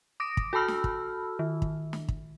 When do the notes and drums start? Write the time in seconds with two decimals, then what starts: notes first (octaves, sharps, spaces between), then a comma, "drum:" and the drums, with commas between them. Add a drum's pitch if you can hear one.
0.20 D6 D#6 A#6 D7
0.37 drum: kick
0.53 F#4 A4 A5 B5 E6 F6
0.68 drum: snare
0.84 drum: kick
1.39 D#3
1.62 drum: kick
1.93 drum: snare
2.08 drum: kick